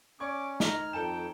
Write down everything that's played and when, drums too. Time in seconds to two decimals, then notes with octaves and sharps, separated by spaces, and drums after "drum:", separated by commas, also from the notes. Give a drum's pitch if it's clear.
0.20 C#4 D5 C#6 D6 G#6
0.60 D#4 A#5 F6, drum: snare
0.93 F2 A4 G5 A5 E7